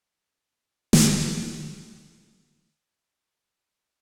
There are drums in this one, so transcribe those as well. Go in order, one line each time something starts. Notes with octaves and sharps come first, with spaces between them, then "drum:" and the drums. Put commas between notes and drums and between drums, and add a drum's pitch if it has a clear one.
B2 F3 F4 A4 A5
drum: snare
F#4 A5
A4 G5